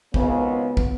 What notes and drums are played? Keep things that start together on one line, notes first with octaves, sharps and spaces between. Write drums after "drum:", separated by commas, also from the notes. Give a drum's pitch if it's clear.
G#1 C#2 C#3 B3, drum: kick
drum: kick